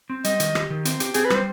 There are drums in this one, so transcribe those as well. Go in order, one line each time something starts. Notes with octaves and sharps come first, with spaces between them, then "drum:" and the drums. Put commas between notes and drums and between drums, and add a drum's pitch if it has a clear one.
C4
G3 D#5, drum: hi-hat
D#3, drum: hi-hat
G4, drum: rim click
D#3
C4, drum: hi-hat
G4, drum: hi-hat
C4 G#4, drum: hi-hat
B4
G3 C5, drum: rim click